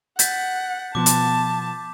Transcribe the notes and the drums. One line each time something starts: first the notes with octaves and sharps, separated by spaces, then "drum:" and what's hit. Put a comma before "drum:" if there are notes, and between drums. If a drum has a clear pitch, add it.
F#5 G6 A6 B6, drum: hi-hat
B2 F3 B3 A5 D6
drum: hi-hat